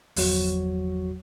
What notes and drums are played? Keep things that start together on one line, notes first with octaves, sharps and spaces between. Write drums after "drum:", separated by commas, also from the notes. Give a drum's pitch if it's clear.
G1 E2 F3 F#3 F#4 C#5, drum: open hi-hat